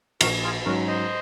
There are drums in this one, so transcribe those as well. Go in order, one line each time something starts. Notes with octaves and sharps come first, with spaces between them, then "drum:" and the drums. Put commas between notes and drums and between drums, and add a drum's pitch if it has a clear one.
A#1 F#4 A#4, drum: cymbal
F4 G#4
G#2 F#3 C#4 F#4 A#4
C5 D#5